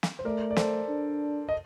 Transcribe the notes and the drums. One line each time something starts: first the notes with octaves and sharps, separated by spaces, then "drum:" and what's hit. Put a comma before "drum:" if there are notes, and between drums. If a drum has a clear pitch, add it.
drum: snare
C5
A3 A#4 D5
D5
A4 C5, drum: snare
D4
D#5